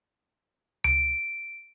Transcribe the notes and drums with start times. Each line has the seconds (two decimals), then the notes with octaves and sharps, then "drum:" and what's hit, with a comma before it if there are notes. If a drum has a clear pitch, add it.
0.84 D7, drum: tom C#2